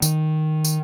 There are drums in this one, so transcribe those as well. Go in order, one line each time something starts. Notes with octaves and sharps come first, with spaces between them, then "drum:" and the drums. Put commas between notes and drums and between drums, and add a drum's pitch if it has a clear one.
D#3, drum: tambourine
drum: tambourine